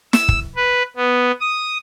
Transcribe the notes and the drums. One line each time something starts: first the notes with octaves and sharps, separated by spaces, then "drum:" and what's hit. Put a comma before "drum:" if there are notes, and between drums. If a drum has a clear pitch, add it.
E6, drum: snare
drum: kick
B4
B3
D#6